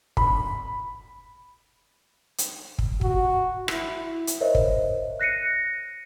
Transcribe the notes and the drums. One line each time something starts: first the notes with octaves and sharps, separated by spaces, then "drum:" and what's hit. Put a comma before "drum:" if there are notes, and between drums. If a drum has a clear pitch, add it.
B5, drum: kick
drum: hi-hat
drum: kick
F#4, drum: kick
E4, drum: rim click
drum: hi-hat
A#4 C5 C#5 D#5 E5
drum: kick
F#6 A#6 C7 C#7 D#7